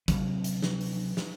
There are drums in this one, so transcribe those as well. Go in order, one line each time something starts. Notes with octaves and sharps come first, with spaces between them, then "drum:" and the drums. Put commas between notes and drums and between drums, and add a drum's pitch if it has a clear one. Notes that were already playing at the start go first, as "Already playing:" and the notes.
D2 C3 F#3 B3, drum: kick, hi-hat
drum: hi-hat
drum: snare
drum: open hi-hat
drum: snare